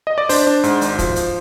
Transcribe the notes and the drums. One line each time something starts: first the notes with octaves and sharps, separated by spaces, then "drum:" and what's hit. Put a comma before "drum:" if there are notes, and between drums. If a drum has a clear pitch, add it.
D#5
D5
D4 C5, drum: open hi-hat
D4
G#2, drum: hi-hat
G#1, drum: hi-hat
F3, drum: kick, hi-hat
drum: hi-hat